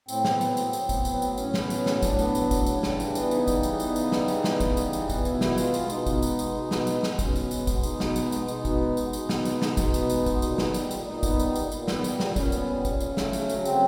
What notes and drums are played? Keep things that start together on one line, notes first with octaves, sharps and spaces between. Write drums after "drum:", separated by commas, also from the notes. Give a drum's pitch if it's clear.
A2 C4, drum: tambourine
B3, drum: snare
F#3, drum: tambourine
A2, drum: tambourine
A2, drum: tambourine
B3, drum: kick, tambourine
F#3, drum: tambourine
A2, drum: tambourine
A2 C#4, drum: tambourine
B3, drum: snare
F#3, drum: tambourine
A2, drum: snare
A2 D4, drum: kick, tambourine
B3, drum: tambourine
F#3, drum: tambourine
A2, drum: kick, tambourine
C#3, drum: tambourine
G3, drum: snare
E3, drum: tambourine
B3, drum: tambourine
C#3 D#4, drum: tambourine
G3, drum: kick, tambourine
E3, drum: tambourine
B3, drum: tambourine
C#3, drum: tambourine
G3, drum: snare
E3, drum: tambourine
B3, drum: snare
C#3, drum: kick, tambourine
G3, drum: tambourine
E3, drum: tambourine
B3, drum: kick, tambourine
B2 E4, drum: tambourine
B3, drum: snare
G#3 F4, drum: tambourine
B2, drum: tambourine
B2 D#4, drum: tambourine
B3, drum: kick, tambourine
G#3, drum: tambourine
B2, drum: tambourine
B2
B3, drum: snare
G#3, drum: tambourine
B2, drum: snare
B2 C#4, drum: kick, tambourine
B3, drum: tambourine
G#3, drum: tambourine
B2, drum: kick, tambourine
B2 D#4, drum: tambourine
B3, drum: snare
G#3, drum: tambourine
B2, drum: tambourine
B2 D#4, drum: tambourine
B3, drum: kick, tambourine
G#3
B2, drum: tambourine
B2, drum: tambourine
B3, drum: snare
G#3, drum: tambourine
B2, drum: snare
B2, drum: kick, tambourine
B3, drum: tambourine
G#3, drum: tambourine
B2, drum: kick, tambourine
A#2, drum: tambourine
B3, drum: snare
G3, drum: tambourine
A#2, drum: tambourine
A#2 D#4
B3, drum: kick, tambourine
G3, drum: tambourine
A#2, drum: tambourine
A#2, drum: tambourine
B3, drum: snare
G3, drum: tambourine
A#2, drum: snare
A#2 C#4, drum: kick, tambourine
B3, drum: tambourine
G3
A#2, drum: kick, tambourine
C#3, drum: tambourine
A3, drum: snare
F#3, drum: tambourine
C#3, drum: tambourine
C#3 C4, drum: tambourine